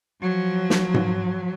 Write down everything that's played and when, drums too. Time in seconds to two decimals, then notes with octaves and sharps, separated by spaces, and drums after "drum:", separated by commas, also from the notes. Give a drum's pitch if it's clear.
0.22 F3 F#3
0.70 drum: snare
0.94 drum: tom G#2